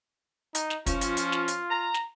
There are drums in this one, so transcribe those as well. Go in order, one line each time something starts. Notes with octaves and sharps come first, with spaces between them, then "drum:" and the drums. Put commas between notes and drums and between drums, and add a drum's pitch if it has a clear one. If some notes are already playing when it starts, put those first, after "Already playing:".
D#4, drum: hi-hat
drum: snare
F3 C#4 F4, drum: kick, hi-hat
drum: hi-hat
drum: hi-hat
drum: snare
drum: hi-hat
A#5
drum: snare